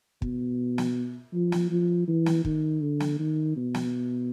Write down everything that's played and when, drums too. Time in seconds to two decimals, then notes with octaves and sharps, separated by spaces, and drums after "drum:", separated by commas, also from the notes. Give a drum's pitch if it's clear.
0.22 B2, drum: kick
0.78 drum: snare
1.33 F3
1.52 drum: snare
1.71 F3
2.08 E3
2.26 drum: snare
2.45 D#3, drum: kick
2.81 D3
3.00 drum: snare
3.19 D#3
3.57 B2
3.74 drum: snare